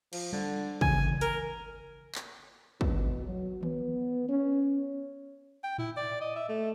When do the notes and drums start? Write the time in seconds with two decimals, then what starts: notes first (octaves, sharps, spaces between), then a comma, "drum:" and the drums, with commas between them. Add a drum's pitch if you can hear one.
0.13 F3, drum: cymbal
0.32 D3 G3
0.81 C#3 E3 G#5, drum: kick
1.21 A#4, drum: hi-hat
2.15 drum: clap
2.81 B2, drum: kick
3.25 F#3
3.63 B3, drum: tom D#3
4.28 C#4
5.63 G5
5.78 E4, drum: tom A2
5.96 D5
6.21 D#5
6.35 E5
6.48 A3